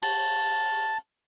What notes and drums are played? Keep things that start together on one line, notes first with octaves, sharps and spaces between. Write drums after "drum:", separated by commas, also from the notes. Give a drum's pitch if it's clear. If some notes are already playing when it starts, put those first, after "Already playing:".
A5, drum: cymbal